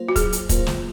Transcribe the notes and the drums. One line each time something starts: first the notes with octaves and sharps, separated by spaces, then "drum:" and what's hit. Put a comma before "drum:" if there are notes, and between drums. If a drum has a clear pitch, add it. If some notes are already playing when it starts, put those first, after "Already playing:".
Already playing: F#3 A#3 F4 C5
F#4
F#3 G#4, drum: kick, hi-hat
drum: hi-hat
A#3 F4 C5, drum: kick, hi-hat
drum: snare